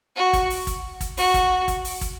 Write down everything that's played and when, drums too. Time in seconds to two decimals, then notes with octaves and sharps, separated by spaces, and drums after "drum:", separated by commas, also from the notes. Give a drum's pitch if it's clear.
0.16 F#4
0.33 drum: kick, hi-hat
0.50 drum: open hi-hat
0.67 drum: kick, hi-hat
1.01 drum: kick, hi-hat
1.17 F#4, drum: open hi-hat
1.34 drum: kick, hi-hat
1.68 drum: kick, hi-hat
1.85 drum: open hi-hat
2.01 drum: kick, hi-hat